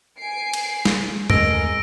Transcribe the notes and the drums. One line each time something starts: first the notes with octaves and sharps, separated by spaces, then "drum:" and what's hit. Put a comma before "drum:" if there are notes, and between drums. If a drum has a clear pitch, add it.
G#5 C7 D7
drum: cymbal
drum: snare
D#2 A3 G#4 A#4 D#5 E6 A#6 D7, drum: tom F#2